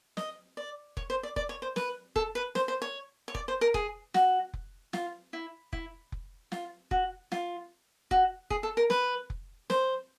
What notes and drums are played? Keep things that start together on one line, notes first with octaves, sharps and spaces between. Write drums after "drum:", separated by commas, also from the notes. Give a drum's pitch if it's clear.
D#5, drum: snare
D5
C#5, drum: kick F1
C5
D5
D5, drum: kick F1
C#5
C5
B4, drum: snare
A4, drum: kick F1
B4
C5, drum: snare
C5
C#5
C#5
D5, drum: kick F1
C5
A#4
G#4, drum: kick F1
F#4, drum: snare
drum: kick F1
F4, drum: snare
E4
E4, drum: kick F1
drum: kick F1
F4, drum: snare
F#4, drum: kick F1
F4, drum: snare
F#4, drum: kick F1
G#4, drum: kick F1
A4
A#4
B4, drum: snare
drum: kick F1
C5, drum: snare